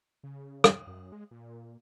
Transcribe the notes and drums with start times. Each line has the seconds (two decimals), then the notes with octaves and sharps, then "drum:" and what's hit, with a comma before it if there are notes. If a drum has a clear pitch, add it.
0.23 C#3
0.64 drum: rim click
0.87 F#2
1.12 G#3
1.31 A#2